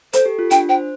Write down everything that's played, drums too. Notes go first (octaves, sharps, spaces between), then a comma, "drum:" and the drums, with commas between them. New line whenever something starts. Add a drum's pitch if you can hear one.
A4 C5, drum: hi-hat
G4
F4
D4 G5, drum: hi-hat
C5 G5